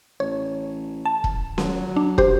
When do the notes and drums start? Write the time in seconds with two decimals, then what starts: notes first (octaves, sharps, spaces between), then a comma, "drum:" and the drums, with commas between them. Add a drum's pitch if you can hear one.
0.20 A1 C#5
1.05 A5
1.24 drum: kick
1.58 F#3, drum: snare C#4
1.96 D4
2.18 G4 C5, drum: kick